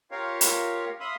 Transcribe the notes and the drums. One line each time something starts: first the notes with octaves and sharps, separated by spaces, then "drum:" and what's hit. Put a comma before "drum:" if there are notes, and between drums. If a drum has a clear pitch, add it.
F4 G4 A#4 C#5 F5
drum: hi-hat
E5 F5 B5 C6 D#6